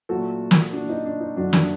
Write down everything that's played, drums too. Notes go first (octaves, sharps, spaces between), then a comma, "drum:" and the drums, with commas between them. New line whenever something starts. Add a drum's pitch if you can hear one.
A#2 F#3 A3 F#4 A4
drum: snare
D4 F#4
D#4
D4
D#4
F#2 D3 F#3 A3 D4 F#4
D4 F#4, drum: snare